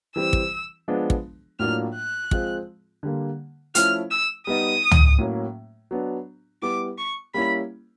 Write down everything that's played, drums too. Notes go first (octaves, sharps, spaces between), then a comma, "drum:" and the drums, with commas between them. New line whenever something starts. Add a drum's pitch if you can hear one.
E3 G3 C4 E6
drum: kick
F3 G#3 B3 D4
drum: kick
A2 F#3 A#3 D4 F4 F6
F#6
F3 G#3 C4 F4, drum: kick
D3 G3 A#3
F3 A3 C#4 E4 F6, drum: hi-hat
E6
G3 B3 D#4 D#6
drum: tom
A2 F#3 A#3 C#4
F#3 B3 D4
G3 B3 E4 D6
C#6
G3 A#3 C#4 E4 B5